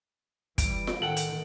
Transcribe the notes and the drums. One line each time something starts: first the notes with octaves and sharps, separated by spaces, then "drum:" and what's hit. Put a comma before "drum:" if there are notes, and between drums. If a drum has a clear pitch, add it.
E3 G3 D7, drum: kick, hi-hat
drum: snare F4
A2 D#3 A4 F#5 G5 F#7
drum: hi-hat